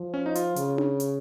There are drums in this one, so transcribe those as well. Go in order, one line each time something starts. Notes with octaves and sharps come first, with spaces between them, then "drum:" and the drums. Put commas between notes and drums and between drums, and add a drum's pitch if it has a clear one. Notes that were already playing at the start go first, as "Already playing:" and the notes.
Already playing: F3
C#4
D#4
F4, drum: hi-hat
C#3, drum: hi-hat
drum: tom D4
drum: hi-hat